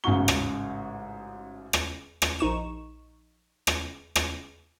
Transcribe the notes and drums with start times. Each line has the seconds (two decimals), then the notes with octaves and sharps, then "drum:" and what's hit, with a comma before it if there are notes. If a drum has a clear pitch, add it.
0.04 A1 G#2 C#3 F#4 C#6 G7
0.28 drum: rim click
1.73 drum: rim click
2.22 drum: rim click
2.39 A#1 D#4 C#6 E7
3.67 drum: rim click
4.16 drum: rim click